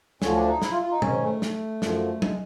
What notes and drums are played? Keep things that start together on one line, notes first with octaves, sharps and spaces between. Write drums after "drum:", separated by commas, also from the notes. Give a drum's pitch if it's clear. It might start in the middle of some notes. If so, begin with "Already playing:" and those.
D2 D3 F3 C#4, drum: snare
D4
D#4
E4, drum: snare
F4
F4
D#4
G#2 D#3 C#4, drum: tom B2
A3
drum: snare
F#2 D3 F3, drum: snare
G#3, drum: tom